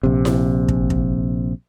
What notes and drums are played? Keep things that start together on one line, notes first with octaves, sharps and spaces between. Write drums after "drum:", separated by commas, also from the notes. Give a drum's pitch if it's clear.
A#1 C3
drum: snare E4
drum: kick
drum: kick